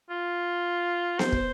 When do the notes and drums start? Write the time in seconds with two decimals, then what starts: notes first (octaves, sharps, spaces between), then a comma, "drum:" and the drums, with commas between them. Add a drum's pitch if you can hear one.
0.10 F4
1.19 C5, drum: snare B3
1.32 drum: kick